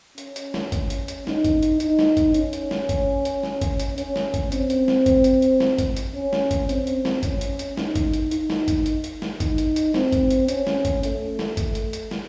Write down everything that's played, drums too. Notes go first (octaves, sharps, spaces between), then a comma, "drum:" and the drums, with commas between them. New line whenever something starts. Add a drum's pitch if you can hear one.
C#4, drum: hi-hat
drum: hi-hat
drum: snare
drum: kick G1, hi-hat
drum: hi-hat
drum: hi-hat
D#4, drum: snare
drum: kick G1, hi-hat
drum: hi-hat
D#4, drum: hi-hat
drum: snare
drum: kick G1, hi-hat
C#4, drum: hi-hat
drum: hi-hat
drum: snare
drum: kick G1, hi-hat
drum: hi-hat
drum: snare
drum: kick G1, hi-hat
drum: hi-hat
C#4, drum: hi-hat
drum: snare
drum: kick G1, hi-hat
C4, drum: hi-hat
drum: hi-hat
drum: snare
drum: kick G1, hi-hat
drum: hi-hat
drum: hi-hat
drum: snare
drum: kick G1, hi-hat
drum: hi-hat
C#4
drum: snare
drum: kick G1, hi-hat
C4, drum: hi-hat
drum: hi-hat
drum: snare
C#4, drum: kick G1, hi-hat
drum: hi-hat
drum: hi-hat
D#4, drum: snare
drum: kick G1, hi-hat
drum: hi-hat
D#4, drum: hi-hat
drum: snare
drum: kick G1, hi-hat
drum: hi-hat
drum: hi-hat
drum: snare
D#4, drum: kick G1, hi-hat
drum: hi-hat
drum: hi-hat
C4, drum: snare
drum: kick G1, hi-hat
drum: hi-hat
C#4, drum: hi-hat
drum: snare
drum: kick G1, hi-hat
A3, drum: hi-hat
drum: snare
A3, drum: kick G1, hi-hat
drum: hi-hat
drum: hi-hat
drum: snare